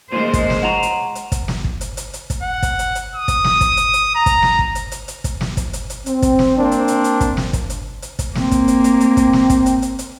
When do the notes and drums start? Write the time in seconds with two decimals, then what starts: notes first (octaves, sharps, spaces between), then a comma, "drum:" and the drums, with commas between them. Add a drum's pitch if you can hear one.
0.12 A#2 D#3 G#3 C5
0.34 drum: kick, hi-hat
0.50 drum: snare
0.63 F#5 A#5
0.83 drum: hi-hat
1.15 drum: hi-hat
1.32 drum: kick, hi-hat
1.48 drum: snare
1.64 drum: kick
1.81 drum: hi-hat
1.97 drum: hi-hat
2.13 drum: hi-hat
2.30 drum: kick, hi-hat
2.43 F#5
2.63 drum: kick, hi-hat
2.79 drum: hi-hat
2.95 drum: hi-hat
3.15 D#6
3.28 drum: kick, hi-hat
3.44 drum: snare
3.61 drum: kick, hi-hat
3.77 drum: hi-hat
3.93 drum: hi-hat
4.15 A#5
4.26 drum: kick, hi-hat
4.42 drum: snare
4.59 drum: kick
4.75 drum: hi-hat
4.92 drum: hi-hat
5.08 drum: hi-hat
5.24 drum: kick, hi-hat
5.41 drum: snare
5.57 drum: kick, hi-hat
5.73 drum: hi-hat
5.90 drum: hi-hat
6.06 C4, drum: hi-hat
6.22 drum: kick, hi-hat
6.39 drum: snare
6.58 A#3 C4 D4
6.71 drum: hi-hat
6.88 drum: hi-hat
7.04 drum: hi-hat
7.21 drum: kick, hi-hat
7.37 drum: snare
7.53 drum: kick, hi-hat
7.70 drum: hi-hat
8.02 drum: hi-hat
8.19 drum: kick, hi-hat
8.35 A#3 C4, drum: snare
8.51 drum: kick, hi-hat
8.68 drum: hi-hat
8.84 drum: hi-hat
9.01 drum: hi-hat
9.17 drum: kick, hi-hat
9.33 drum: snare
9.50 drum: kick, hi-hat
9.66 drum: hi-hat
9.82 drum: hi-hat
9.99 drum: hi-hat